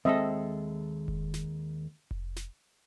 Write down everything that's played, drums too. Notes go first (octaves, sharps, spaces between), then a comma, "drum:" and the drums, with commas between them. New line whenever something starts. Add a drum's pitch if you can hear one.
D#2 G#3 C4 A4 D#5 E5
drum: kick F1
drum: snare
drum: kick F1
drum: snare